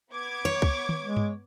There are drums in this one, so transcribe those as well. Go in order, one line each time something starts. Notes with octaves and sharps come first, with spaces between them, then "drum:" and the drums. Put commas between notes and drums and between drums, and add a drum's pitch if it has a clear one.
B3 D6 G#6
C#5
drum: kick
drum: tom
G#3
drum: tom G2